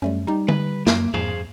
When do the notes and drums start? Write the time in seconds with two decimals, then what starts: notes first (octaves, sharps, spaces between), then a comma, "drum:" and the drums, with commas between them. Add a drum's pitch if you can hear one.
0.02 F#2 G3 A3 C#4
0.27 G3 D#4 A#5
0.48 B4, drum: tom D3
0.87 F#2 A#3 D6, drum: snare
1.14 F2 G#4 C5 F5, drum: tom G#2